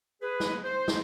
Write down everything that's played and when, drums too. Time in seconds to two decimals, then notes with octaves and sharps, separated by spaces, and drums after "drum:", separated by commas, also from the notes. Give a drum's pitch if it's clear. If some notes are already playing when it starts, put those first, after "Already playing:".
0.21 G#4 B4
0.40 drum: snare
0.64 C5
0.88 drum: snare